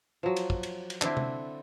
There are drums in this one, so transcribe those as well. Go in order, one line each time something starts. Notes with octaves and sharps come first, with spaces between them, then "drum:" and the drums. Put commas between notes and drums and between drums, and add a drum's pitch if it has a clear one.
F3 F#3
drum: cymbal
drum: kick
drum: cymbal
drum: cymbal
D3 C4 D4 E4, drum: clap
drum: tom C3